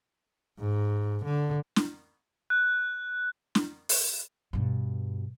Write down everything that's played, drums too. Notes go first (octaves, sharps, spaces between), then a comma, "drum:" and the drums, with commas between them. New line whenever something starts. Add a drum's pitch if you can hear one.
G#2
D3
drum: snare
F#6
drum: snare
drum: open hi-hat
G2 B2